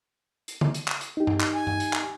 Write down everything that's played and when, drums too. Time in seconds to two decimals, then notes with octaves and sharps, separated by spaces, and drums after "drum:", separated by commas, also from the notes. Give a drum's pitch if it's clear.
0.48 drum: hi-hat
0.61 drum: tom C#3
0.74 drum: hi-hat
0.88 drum: clap
1.01 drum: hi-hat
1.17 D#4 G4
1.27 drum: tom G2
1.40 drum: clap
1.54 G#5
1.67 drum: tom G2
1.80 drum: hi-hat
1.93 drum: clap